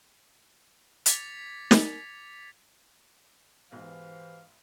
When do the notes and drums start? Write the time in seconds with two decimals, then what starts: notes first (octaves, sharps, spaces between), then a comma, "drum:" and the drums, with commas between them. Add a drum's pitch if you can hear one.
1.06 D6 G#6 A6 B6 C#7 F7, drum: hi-hat
1.71 drum: snare
3.72 B1 G#2 E3 G4 C5 F5